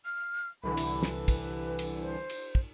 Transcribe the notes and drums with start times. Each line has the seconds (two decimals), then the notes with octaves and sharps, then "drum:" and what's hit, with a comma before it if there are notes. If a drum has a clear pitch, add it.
0.05 F6
0.64 C2 D3 E3 B5
0.77 drum: cymbal
1.03 drum: snare
1.28 B4, drum: kick, cymbal
1.79 drum: cymbal
2.01 C5
2.30 drum: cymbal
2.55 drum: kick